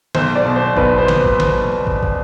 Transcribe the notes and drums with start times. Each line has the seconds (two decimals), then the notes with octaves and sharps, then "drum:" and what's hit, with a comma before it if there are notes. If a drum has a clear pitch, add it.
0.15 B1 C5, drum: snare
0.35 D5
0.45 B2
0.56 C5
0.77 B1 B4, drum: kick
0.98 C5
1.08 drum: snare
1.24 drum: kick
1.40 drum: snare
1.87 drum: kick
2.03 drum: kick